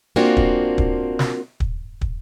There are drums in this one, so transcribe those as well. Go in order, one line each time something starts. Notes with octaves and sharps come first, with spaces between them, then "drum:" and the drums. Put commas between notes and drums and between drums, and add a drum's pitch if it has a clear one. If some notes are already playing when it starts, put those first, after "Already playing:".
A#3 C4 D4 F4 F#4
drum: kick
drum: kick
drum: snare
drum: kick
drum: kick